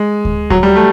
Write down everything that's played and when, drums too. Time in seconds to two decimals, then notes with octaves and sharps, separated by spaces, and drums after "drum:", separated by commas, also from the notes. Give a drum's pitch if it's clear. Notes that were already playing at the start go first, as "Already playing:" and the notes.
Already playing: G#3
0.25 drum: kick D2
0.50 F#3, drum: kick D2
0.63 G3
0.76 A3